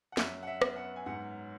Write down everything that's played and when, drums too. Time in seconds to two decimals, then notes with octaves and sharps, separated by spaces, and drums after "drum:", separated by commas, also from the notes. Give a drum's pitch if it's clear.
0.12 F#5
0.17 F#2 E5, drum: snare
0.43 F#5
0.47 E5
0.62 B3, drum: rim click
0.76 F#5
0.96 G#5
1.06 G#2 F#5